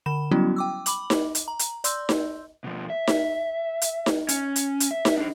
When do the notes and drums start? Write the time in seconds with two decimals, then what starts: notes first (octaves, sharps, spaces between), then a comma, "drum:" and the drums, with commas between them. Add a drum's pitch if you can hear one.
0.06 D3 B5 E7
0.31 F#3 G3 B3 C#4 E4 F#4
0.56 G5 D6 E6
0.86 B5 D6 F#7, drum: hi-hat
1.10 drum: snare D#4
1.35 drum: hi-hat
1.48 A#5
1.59 drum: hi-hat
1.84 D5 C6 E6 G6, drum: hi-hat
2.09 drum: snare D#4
2.64 B2 F3
2.90 E5
3.07 drum: snare D#4
3.82 drum: hi-hat
4.06 drum: snare D#4
4.29 C#4, drum: hi-hat
4.56 drum: hi-hat
4.80 drum: hi-hat
4.91 E5
5.05 drum: snare D#4
5.18 D4 G#4